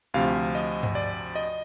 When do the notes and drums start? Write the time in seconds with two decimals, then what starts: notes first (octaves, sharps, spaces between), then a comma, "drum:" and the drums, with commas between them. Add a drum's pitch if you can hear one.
0.14 D2 C3 F3 F5
0.55 D#5
0.83 drum: tom G2
0.95 D5
1.35 D#5